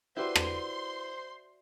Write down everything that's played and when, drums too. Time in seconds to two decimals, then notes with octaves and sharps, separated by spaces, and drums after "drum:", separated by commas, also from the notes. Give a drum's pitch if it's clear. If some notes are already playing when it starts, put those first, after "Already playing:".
0.17 E4 F#4 G4 B4 C5 D5 E5 C6
0.36 drum: rim click